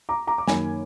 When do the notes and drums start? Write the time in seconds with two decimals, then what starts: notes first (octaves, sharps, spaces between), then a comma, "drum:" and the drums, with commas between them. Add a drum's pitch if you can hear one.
0.09 A#5 D6
0.27 A#5 D6
0.38 D6
0.48 F#2 D#3 A#3 G#5 B5, drum: snare